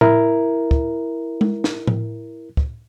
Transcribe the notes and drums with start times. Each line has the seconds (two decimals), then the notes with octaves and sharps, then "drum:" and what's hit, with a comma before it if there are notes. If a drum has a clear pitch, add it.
0.01 E4 A#4, drum: tom A2
0.71 drum: kick
1.41 drum: tom G#3
1.64 drum: snare
1.87 drum: tom A2
2.57 drum: kick